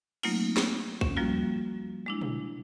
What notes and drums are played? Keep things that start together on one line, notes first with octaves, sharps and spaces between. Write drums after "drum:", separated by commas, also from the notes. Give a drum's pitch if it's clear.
F#3 A3 A#3 C4 D#4 F4, drum: cymbal
drum: snare
C#4, drum: kick
F3 G3 A#3 F4 F#4
G#3 D4 E4
drum: tom A#2